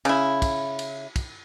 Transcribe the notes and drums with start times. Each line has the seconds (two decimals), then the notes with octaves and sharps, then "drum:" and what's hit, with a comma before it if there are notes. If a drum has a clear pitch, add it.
0.05 C#3 E4, drum: cymbal
0.42 drum: kick, cymbal
0.79 drum: cymbal
1.16 drum: kick, cymbal